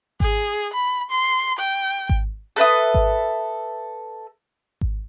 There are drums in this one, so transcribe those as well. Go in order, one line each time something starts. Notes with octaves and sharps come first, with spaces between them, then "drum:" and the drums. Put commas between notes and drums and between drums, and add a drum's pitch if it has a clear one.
G#4, drum: kick G#1
B5
C6
G5
drum: kick G#1
A4 B4 E5 D#6
drum: kick G#1
drum: kick G#1